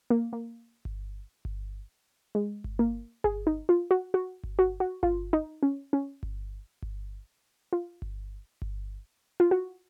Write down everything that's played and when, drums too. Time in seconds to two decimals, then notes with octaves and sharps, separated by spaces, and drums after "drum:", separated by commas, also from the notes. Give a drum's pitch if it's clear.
0.10 A#3
0.33 A#3
0.85 drum: kick G1
1.45 drum: kick G1
2.35 G#3
2.64 drum: kick G1
2.79 A#3
3.24 G#4, drum: kick G1
3.47 D#4
3.69 F4
3.91 F#4
4.14 F#4
4.44 drum: kick G1
4.59 F#4
4.80 F#4
5.03 F4, drum: kick G1
5.33 D#4
5.63 C#4
5.93 C#4
6.23 drum: kick G1
6.82 drum: kick G1
7.73 F4
8.02 drum: kick G1
8.62 drum: kick G1
9.40 F4
9.51 F#4